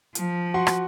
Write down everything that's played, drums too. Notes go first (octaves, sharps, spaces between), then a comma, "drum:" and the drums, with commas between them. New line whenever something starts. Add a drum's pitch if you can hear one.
F3, drum: hi-hat
F#4 F#5 C6
drum: rim click